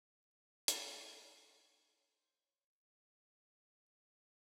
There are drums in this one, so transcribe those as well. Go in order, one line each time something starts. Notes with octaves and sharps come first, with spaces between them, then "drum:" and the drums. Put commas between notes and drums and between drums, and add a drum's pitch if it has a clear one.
F4
drum: hi-hat
F#4
A#4
C5
C#5
C5
C#5
C#5
C5